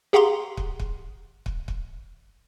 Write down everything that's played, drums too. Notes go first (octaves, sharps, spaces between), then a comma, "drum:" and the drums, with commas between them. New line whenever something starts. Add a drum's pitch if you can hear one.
G4 G#4 F5 F#5 A#5 C6
drum: kick
drum: kick
drum: kick
drum: kick